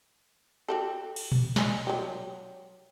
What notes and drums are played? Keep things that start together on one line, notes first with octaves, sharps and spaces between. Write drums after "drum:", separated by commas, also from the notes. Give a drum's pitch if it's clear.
F#4 G4 A4
drum: cymbal
drum: tom A#2
D#5 G#5 B5, drum: snare
F#3 G4